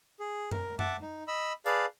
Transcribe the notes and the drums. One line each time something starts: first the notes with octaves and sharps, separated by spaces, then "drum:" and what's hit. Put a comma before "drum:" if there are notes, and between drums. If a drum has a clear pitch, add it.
G#4
A#4, drum: tom F#2
E5 F#5 A5 D6, drum: tom F#2
D#4
D#5 B5 E6
G#4 B4 D5 F5 A5, drum: tambourine